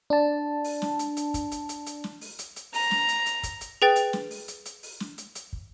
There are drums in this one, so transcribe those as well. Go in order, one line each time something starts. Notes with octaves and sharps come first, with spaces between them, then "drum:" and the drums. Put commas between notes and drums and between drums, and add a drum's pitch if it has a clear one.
D4 A5
drum: open hi-hat
drum: snare
drum: hi-hat
drum: hi-hat
drum: kick, hi-hat
drum: hi-hat
drum: hi-hat
drum: hi-hat
drum: snare
drum: open hi-hat
drum: hi-hat
drum: hi-hat
A#5, drum: open hi-hat
drum: snare
drum: hi-hat
drum: hi-hat
drum: kick, hi-hat
drum: hi-hat
G#4 B4 G5 A6
drum: hi-hat
drum: snare
drum: open hi-hat
drum: hi-hat
drum: hi-hat
drum: open hi-hat
drum: snare
drum: hi-hat
drum: hi-hat
drum: kick